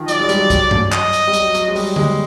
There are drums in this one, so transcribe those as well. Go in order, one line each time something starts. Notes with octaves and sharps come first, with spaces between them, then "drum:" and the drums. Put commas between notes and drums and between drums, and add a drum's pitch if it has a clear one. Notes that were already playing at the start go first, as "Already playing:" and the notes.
Already playing: D#3 F3
F#3 D5, drum: hi-hat
G#3
G3, drum: hi-hat
F#3
drum: kick, hi-hat
drum: tom G2
D#5, drum: clap
drum: hi-hat
G3
F#3, drum: hi-hat
F#3, drum: hi-hat
G#3
G3, drum: open hi-hat
G#3, drum: tom D3